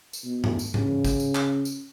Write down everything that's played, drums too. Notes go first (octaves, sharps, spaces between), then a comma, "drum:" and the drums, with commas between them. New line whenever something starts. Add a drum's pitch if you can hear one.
drum: tambourine
B2
drum: tom G2
drum: tambourine
C#3, drum: tom G#2
drum: kick, tambourine
drum: tambourine
drum: clap
drum: tambourine